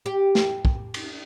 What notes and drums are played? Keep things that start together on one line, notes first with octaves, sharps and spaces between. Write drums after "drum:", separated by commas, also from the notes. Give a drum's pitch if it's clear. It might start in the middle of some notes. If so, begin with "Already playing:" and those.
G4
drum: snare
drum: kick
drum: cymbal